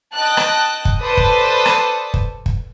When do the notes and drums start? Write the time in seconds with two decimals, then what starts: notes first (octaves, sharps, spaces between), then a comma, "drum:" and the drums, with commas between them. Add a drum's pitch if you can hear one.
0.13 D#5 G5 A5 F#6
0.37 drum: rim click
0.85 drum: kick
1.01 A4 B4 C5 D5 A5 D#6
1.17 drum: kick
1.66 drum: rim click
2.14 drum: kick
2.46 drum: kick